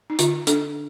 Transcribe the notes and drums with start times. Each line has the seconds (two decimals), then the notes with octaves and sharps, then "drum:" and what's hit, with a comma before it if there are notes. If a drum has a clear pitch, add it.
0.10 D#4
0.19 D3 F4, drum: hi-hat
0.47 D4 A4, drum: hi-hat